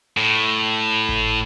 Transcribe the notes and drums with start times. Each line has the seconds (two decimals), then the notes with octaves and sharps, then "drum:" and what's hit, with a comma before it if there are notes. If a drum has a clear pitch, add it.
0.17 A2
1.09 drum: kick G#1